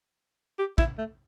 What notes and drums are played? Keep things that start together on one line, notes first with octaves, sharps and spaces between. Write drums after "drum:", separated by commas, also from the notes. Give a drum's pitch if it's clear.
G4
E4, drum: kick
A3